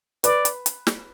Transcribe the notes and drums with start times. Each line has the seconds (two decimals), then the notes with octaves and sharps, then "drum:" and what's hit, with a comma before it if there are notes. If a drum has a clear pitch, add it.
0.24 B4 D5, drum: hi-hat
0.45 drum: hi-hat
0.66 drum: hi-hat
0.87 drum: snare